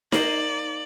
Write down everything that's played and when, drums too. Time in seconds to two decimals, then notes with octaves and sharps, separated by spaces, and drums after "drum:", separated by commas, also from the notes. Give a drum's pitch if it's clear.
0.12 A#3 D#4 C5 D5 F#7, drum: snare D#4